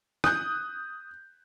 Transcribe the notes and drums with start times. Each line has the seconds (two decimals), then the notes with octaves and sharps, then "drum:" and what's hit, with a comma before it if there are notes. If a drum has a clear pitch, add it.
0.24 D#6 F#6 G6, drum: rim click